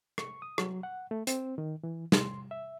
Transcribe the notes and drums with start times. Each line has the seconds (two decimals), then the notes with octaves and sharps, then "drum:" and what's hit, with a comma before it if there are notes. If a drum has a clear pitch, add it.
0.18 C#6, drum: rim click
0.42 D#6
0.58 F#3, drum: rim click
0.83 F#5
1.11 A3
1.27 C4, drum: hi-hat
1.58 D#3
1.83 E3
2.12 C6, drum: snare
2.51 E5